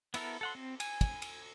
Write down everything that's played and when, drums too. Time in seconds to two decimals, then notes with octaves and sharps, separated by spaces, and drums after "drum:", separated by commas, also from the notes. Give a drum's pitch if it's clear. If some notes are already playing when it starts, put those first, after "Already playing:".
0.14 B3 E4 A4 A#4, drum: cymbal
0.41 A4 F#5 C6
0.55 C4
0.80 G#5, drum: cymbal
1.01 drum: kick, cymbal
1.22 drum: cymbal